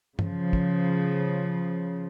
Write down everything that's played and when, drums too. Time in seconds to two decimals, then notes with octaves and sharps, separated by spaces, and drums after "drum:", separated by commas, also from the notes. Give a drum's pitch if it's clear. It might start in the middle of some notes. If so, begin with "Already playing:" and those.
0.19 C#3 F3, drum: tom G2
0.53 drum: kick